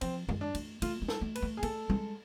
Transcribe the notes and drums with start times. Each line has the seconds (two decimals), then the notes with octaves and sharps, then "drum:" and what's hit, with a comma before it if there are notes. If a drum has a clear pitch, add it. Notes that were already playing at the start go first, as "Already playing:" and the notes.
0.01 F3 C4, drum: cymbal
0.29 G#3, drum: tom
0.41 D4
0.55 A3, drum: cymbal
0.82 A3 F4, drum: cymbal
1.02 G#3
1.08 A4, drum: snare
1.21 A3
1.35 B4, drum: cymbal
1.42 A3
1.57 G#4
1.63 A3 A4, drum: cymbal
1.90 G#3, drum: tom G3